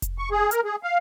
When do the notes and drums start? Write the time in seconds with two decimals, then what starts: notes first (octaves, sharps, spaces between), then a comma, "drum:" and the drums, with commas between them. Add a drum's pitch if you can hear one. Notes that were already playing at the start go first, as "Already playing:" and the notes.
0.02 drum: kick F1, hi-hat
0.18 C#6
0.31 G#4
0.51 A#4, drum: hi-hat
0.64 G#4
0.83 F5